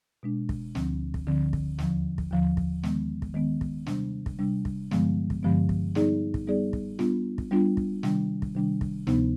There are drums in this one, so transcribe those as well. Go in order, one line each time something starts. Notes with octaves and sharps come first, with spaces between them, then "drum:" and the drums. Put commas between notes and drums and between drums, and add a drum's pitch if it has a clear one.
B2 G#3 D4
drum: kick
D2 D3 F3 C4, drum: snare
drum: kick
D2 D3 F3 C4
drum: kick
D#2 D3 F3, drum: snare
drum: kick
D#2 D3 F3
drum: kick
D#3 G#3 B3, drum: snare
drum: kick
D#3 G#3 B3
drum: kick
C3 G3 D4, drum: snare
drum: kick
C3 G3 D4
drum: kick
G2 D3 F3 G#3 B3, drum: snare
drum: kick
G2 D3 F3 G#3 B3
drum: kick
G3 B3 D#4 G#4 D5, drum: snare
drum: kick
G3 B3 D#4 G#4 D5
drum: kick
G3 B3 D4 F4, drum: snare
drum: kick
G3 B3 D4 F4
drum: kick
C3 D#3 G3 D4, drum: snare
drum: kick
C3 D#3 G3 D4
drum: kick
D2 C3 F3 B3 D#4, drum: snare